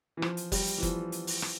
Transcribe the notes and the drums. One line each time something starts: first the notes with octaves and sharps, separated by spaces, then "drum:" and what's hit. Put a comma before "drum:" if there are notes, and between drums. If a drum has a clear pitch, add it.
E3
F3, drum: rim click
drum: hi-hat
G3, drum: kick F#1, open hi-hat
drum: hi-hat
E3
F3, drum: kick F#1, hi-hat
drum: hi-hat
drum: open hi-hat
drum: rim click